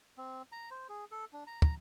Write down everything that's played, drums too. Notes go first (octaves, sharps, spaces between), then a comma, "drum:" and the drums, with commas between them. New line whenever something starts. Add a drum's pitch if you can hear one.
C4
A#5
C5
G#4
A4
D4
A#5
A#5, drum: kick